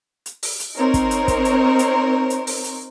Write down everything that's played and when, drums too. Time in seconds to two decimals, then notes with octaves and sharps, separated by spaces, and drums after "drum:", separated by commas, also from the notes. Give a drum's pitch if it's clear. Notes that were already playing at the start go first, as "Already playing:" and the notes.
0.26 drum: hi-hat
0.43 drum: open hi-hat
0.60 drum: hi-hat
0.77 C4 D#4 A#4 C5 C#5
0.94 drum: kick, hi-hat
1.11 drum: hi-hat
1.28 drum: kick, hi-hat
1.45 drum: hi-hat
1.79 drum: hi-hat
2.30 drum: hi-hat
2.47 drum: open hi-hat
2.64 drum: hi-hat